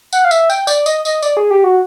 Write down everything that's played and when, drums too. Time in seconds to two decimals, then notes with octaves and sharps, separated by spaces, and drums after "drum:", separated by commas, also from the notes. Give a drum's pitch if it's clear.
0.13 F#5, drum: tambourine
0.25 F5
0.31 E5, drum: tambourine
0.50 G5, drum: tambourine
0.67 D5, drum: tambourine
0.86 D#5, drum: tambourine
1.05 D#5, drum: tambourine
1.23 D5, drum: tambourine
1.37 G#4
1.51 G4
1.64 F#4